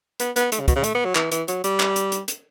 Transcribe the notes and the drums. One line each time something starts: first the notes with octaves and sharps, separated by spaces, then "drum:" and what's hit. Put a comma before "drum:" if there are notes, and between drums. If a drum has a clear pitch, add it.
B3, drum: hi-hat
B3, drum: hi-hat
A3, drum: hi-hat
C#3
B2, drum: kick, hi-hat
C#3
A3, drum: hi-hat
B3
F#3
E3, drum: clap
E3, drum: hi-hat
F#3, drum: hi-hat
G3, drum: hi-hat
drum: clap
drum: hi-hat
drum: hi-hat
drum: hi-hat